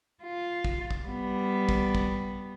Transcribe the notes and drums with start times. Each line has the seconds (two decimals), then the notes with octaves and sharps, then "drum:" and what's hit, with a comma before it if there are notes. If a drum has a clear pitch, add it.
0.24 F4
0.65 drum: kick
0.91 drum: kick
1.04 G3 B3
1.69 drum: kick
1.95 drum: kick